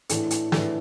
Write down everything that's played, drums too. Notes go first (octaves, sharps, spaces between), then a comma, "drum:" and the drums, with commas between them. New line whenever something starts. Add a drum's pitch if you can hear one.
A2 E3 D4 A4, drum: hi-hat
drum: hi-hat
A2 E3 D4 A4, drum: snare